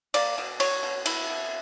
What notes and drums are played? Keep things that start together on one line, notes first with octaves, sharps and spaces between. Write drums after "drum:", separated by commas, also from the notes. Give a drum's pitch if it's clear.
A#3 D5, drum: cymbal
B2
F#3 C#5, drum: cymbal
B2
B2 E4, drum: cymbal
B2